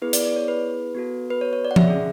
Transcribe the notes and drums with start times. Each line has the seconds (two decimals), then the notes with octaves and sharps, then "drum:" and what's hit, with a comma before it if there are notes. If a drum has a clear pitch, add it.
0.02 B3 E4 G#4 B4
0.13 D5, drum: hi-hat
0.25 D5
0.36 C#5
0.48 B4
0.95 B3 F#4 A4
1.30 B4
1.41 C#5
1.53 C#5
1.65 D5
1.71 F#5
1.76 E5, drum: tom F3
1.88 C#4 G#4